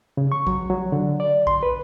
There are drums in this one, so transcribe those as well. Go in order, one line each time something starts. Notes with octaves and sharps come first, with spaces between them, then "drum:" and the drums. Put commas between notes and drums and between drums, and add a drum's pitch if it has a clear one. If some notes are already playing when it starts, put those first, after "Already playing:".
C#3
C#6
F#3, drum: kick A#1
F#3
D3
D5
C6, drum: kick A#1
B4